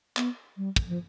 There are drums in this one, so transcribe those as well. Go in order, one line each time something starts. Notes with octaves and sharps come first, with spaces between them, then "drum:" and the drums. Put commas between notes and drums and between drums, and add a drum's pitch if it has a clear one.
B3, drum: clap
G3
drum: kick
F3